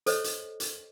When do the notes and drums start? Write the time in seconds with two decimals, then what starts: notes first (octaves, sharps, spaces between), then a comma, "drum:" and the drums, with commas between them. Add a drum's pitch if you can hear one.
0.06 A4 C5 C#5 D#5, drum: hi-hat
0.24 drum: hi-hat
0.60 drum: hi-hat